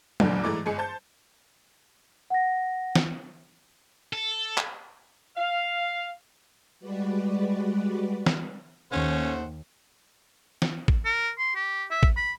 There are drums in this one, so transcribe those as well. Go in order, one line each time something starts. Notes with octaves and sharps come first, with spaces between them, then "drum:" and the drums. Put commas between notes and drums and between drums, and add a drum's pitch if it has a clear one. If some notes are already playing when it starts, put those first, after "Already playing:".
F1 E2 A#2 D3 G3, drum: tom F#3
G#2 E3 A3 D6
G1 G#3 G#4 C#7
C5 A5 G6
F#5 A#6
drum: snare
A4
drum: clap
F5
G3 G#3 F#4 B4 D5
drum: snare
D#2 A3 C#4 C5 F#5
drum: snare
drum: kick A1
A#4
C6
G4
E5
drum: kick A1
B5